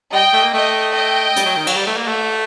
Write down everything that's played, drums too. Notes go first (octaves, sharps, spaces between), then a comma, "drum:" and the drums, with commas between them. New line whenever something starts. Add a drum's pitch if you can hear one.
G3 D#5 G5
A3
A#3
A3 D#5 G5
D#5 G5
G3, drum: hi-hat
F#3
D#3
F#3, drum: cymbal
G3
A3
A#3
A3